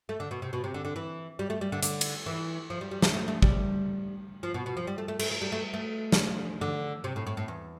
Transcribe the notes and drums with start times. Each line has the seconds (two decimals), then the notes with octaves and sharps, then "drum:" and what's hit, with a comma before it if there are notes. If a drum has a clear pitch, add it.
0.09 A3
0.20 D3
0.31 B2
0.42 C3
0.53 B2
0.64 C3
0.74 D3
0.85 D3
0.96 E3
1.39 G3
1.50 A3
1.61 G3
1.72 D3
1.83 D3, drum: hi-hat
2.01 drum: cymbal
2.26 E3
2.70 F3
2.81 G3
2.91 G3
3.02 A3, drum: snare
3.14 A3
3.28 A3
3.42 G3, drum: kick
4.43 F3
4.54 B2
4.66 B2
4.77 F3
4.87 G3
4.98 A3
5.08 A3
5.19 A3, drum: cymbal
5.31 A3
5.42 G3
5.52 A3
5.74 A3
6.12 drum: snare
6.61 D3
7.04 C3
7.16 A2
7.27 A2
7.37 A2
7.48 E2